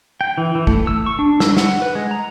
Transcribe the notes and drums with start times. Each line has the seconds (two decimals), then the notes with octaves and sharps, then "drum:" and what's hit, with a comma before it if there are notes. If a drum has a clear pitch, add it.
0.21 G5
0.38 E3
0.55 E3
0.67 A3, drum: kick
0.87 E6
1.06 C#6
1.19 D4
1.40 E6, drum: snare
1.57 F#5, drum: snare
1.82 B4
1.95 G#3
2.11 A#5